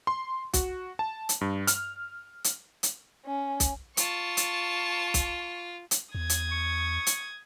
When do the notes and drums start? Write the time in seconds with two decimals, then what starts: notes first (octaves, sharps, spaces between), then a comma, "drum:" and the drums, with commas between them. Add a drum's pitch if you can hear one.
0.07 C6
0.53 F#4, drum: kick B1, hi-hat
0.99 A5
1.29 drum: hi-hat
1.41 G2
1.67 F6, drum: hi-hat
2.44 drum: hi-hat
2.83 drum: hi-hat
3.26 C#4
3.60 drum: kick B1, hi-hat
3.97 F4 A5 C#6, drum: hi-hat
4.37 drum: hi-hat
5.14 drum: kick B1, hi-hat
5.91 drum: hi-hat
6.15 E2 D#6 G#6
6.29 drum: hi-hat
6.51 C#6
7.07 drum: hi-hat